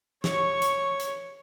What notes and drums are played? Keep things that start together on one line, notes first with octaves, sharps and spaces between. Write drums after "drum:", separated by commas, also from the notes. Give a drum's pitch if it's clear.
C#5 C#6, drum: snare
drum: hi-hat
drum: hi-hat